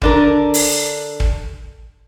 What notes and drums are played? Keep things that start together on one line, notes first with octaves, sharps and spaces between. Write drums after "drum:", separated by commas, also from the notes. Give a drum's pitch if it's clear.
D3 D4 A#4, drum: kick
drum: open hi-hat
drum: kick